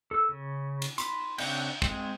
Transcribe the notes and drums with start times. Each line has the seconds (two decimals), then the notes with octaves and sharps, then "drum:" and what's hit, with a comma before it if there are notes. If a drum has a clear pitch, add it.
0.11 A4 E6
0.29 C#3
0.82 drum: cymbal
0.98 B5 C6, drum: hi-hat
1.38 C#3 C4 D4 F#5 G5, drum: cymbal
1.82 G#3 C4, drum: kick